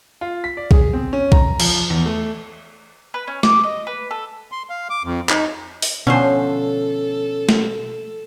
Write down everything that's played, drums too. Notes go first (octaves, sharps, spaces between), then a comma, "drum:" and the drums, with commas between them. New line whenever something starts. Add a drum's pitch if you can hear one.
F4
B6
D5
G#4, drum: kick B1
C4
C#4
A#5, drum: kick B1
F3, drum: cymbal
E2
A3
B4
C#4
D6, drum: snare
D#5
B4
A4
C6
F5
D6
F2
D#4, drum: clap
drum: open hi-hat
B2 D3 F3 C#4 A4 C5
drum: snare